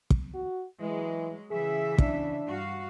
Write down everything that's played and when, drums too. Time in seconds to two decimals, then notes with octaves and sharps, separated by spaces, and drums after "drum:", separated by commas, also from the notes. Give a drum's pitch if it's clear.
0.10 drum: kick
0.34 F#4
0.81 E3 F#3 G#3
1.51 C#3 E3 G#4 E5
1.98 D4, drum: kick
2.46 G2 F#4 F5